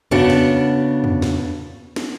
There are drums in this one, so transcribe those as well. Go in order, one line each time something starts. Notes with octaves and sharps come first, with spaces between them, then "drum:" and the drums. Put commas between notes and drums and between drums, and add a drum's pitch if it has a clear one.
C#3 B3 D4 F#4 F#5, drum: tom
drum: snare
drum: tom
drum: snare
drum: snare